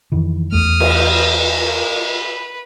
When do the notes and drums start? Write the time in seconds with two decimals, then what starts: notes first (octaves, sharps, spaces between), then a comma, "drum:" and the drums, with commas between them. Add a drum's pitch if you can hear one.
0.12 F2 D#3 E3
0.52 E2 A3 D#6 F6
0.80 drum: cymbal
1.61 A#3
2.08 B4